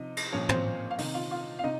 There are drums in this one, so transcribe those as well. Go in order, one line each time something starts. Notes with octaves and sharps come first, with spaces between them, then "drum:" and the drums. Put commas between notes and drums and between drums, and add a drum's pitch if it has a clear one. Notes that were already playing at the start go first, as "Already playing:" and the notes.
Already playing: C3 F3 D#4 D#5
drum: cymbal
A#2 F3 C#4 C#5
C4 C5, drum: tom
F5
C3 D#3 D#4 D#5, drum: open hi-hat
F4 F5
F4 F5
F5
C3 D#4 D#5